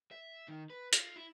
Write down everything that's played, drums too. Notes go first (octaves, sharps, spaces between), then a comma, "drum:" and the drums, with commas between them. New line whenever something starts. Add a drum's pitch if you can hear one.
E5
D#3
B4
F4, drum: hi-hat
E4